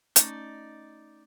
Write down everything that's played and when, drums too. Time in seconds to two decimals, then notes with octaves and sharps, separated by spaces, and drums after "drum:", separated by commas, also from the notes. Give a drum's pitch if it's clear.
0.16 A3 C#4 D#4 D5, drum: hi-hat